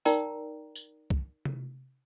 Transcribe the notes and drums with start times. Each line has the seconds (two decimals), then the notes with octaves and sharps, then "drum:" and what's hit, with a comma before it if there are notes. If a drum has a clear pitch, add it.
0.05 D#4 A#4 D5 G5 A#5, drum: tambourine
0.75 drum: tambourine
1.10 drum: kick
1.45 drum: tom C3